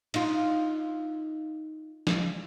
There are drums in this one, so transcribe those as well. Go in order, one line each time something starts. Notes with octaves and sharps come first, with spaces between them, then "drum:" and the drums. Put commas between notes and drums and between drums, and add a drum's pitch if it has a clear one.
D#4 F4, drum: cymbal
drum: snare